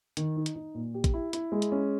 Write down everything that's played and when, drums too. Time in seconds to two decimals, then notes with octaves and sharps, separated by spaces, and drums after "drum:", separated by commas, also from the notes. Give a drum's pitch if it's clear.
0.17 D#3, drum: hi-hat
0.37 D#4
0.46 drum: hi-hat
0.55 D#4
0.75 A#2
0.94 G4
1.04 drum: kick, hi-hat
1.14 E4
1.33 E4, drum: hi-hat
1.52 G#3
1.62 drum: hi-hat
1.72 C#4